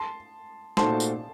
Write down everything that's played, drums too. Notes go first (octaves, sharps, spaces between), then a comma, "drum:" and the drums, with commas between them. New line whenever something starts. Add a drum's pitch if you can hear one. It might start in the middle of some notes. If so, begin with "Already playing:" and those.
Already playing: A5 C6
A#2 A3 D#4 F#4 C5 A5 C6, drum: snare
drum: tambourine